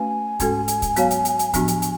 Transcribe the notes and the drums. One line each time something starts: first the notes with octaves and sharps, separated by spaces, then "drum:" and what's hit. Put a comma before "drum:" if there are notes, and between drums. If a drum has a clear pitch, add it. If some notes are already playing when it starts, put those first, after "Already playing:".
Already playing: A3 C#4 F#4 B4 F5 G#5
G#2 G#3 C#4 F#4 A4, drum: kick, hi-hat
drum: hi-hat
drum: kick, hi-hat
F#3 B3 F#4 C#5 F5, drum: hi-hat
drum: hi-hat
drum: hi-hat
drum: hi-hat
A2 F3 B3 D4 F#4, drum: kick, hi-hat
drum: hi-hat
drum: hi-hat